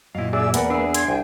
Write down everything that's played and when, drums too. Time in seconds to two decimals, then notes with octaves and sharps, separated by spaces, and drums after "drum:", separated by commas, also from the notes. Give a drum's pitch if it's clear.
0.15 F#2 A#2 E4 D#5 F5
0.33 D4 G#4 D5 E5 E6
0.54 E2 A#3 A#4 B4 D5 F#5, drum: hi-hat
0.70 D4 G#4 E6
0.94 C6 G#6, drum: hi-hat
1.08 C2 G5 G#5